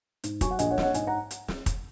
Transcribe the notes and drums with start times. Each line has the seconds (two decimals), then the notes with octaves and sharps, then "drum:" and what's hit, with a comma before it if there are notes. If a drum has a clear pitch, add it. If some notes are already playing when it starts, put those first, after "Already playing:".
0.24 G#2, drum: hi-hat
0.41 F#3 G#5 C#6, drum: kick, hi-hat
0.51 F#5
0.59 A#1 D#5 G#5, drum: hi-hat
0.71 C#5 F#5
0.78 A#1 D#5, drum: snare
0.83 C#5 F#5
0.94 G#2 D#5 G#5, drum: hi-hat
1.07 F#5 A#5
1.31 drum: hi-hat
1.48 drum: snare
1.66 drum: kick, hi-hat